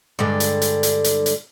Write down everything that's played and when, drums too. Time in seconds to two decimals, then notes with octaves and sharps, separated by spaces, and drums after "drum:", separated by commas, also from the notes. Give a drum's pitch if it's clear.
0.19 G2 D3 G#3
0.40 drum: hi-hat
0.62 drum: hi-hat
0.83 drum: hi-hat
1.04 drum: hi-hat
1.26 drum: hi-hat